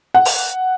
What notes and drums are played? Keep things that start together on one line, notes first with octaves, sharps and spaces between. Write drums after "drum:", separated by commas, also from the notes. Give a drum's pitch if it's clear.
F#5
drum: open hi-hat